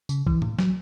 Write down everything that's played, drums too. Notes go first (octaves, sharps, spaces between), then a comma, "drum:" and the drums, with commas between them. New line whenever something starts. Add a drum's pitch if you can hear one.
C#3, drum: tambourine
E3, drum: kick
A2, drum: tom B2
F#3, drum: snare